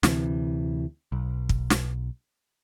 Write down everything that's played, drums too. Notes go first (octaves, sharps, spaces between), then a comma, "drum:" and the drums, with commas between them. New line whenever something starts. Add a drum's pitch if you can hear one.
D2 C3 E3, drum: snare
B1
drum: kick
drum: snare